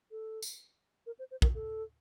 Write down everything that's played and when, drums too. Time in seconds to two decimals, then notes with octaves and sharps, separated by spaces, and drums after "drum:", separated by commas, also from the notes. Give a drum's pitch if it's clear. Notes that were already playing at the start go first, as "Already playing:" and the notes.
0.11 A4
0.42 drum: tambourine
1.06 A#4
1.19 C5
1.31 C5
1.42 A#4, drum: kick
1.54 A4